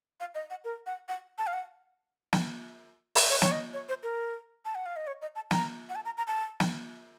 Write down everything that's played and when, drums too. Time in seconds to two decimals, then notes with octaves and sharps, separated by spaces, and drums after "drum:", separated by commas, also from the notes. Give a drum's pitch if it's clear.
0.20 F5
0.35 D#5
0.50 F#5
0.64 A#4
0.86 F#5
1.08 F#5
1.38 A5
1.47 F5
1.53 F#5
2.33 drum: snare
3.15 drum: open hi-hat
3.30 C#5
3.42 C#5, drum: snare
3.52 D#5
3.73 C#5
3.89 C5
4.03 A#4
4.65 A5
4.75 F#5
4.86 F5
4.96 D#5
5.07 C#5
5.22 D#5
5.36 A5
5.51 A#5, drum: snare
5.89 F#5
5.95 A5
6.05 A#5
6.18 A#5
6.27 A5
6.60 drum: snare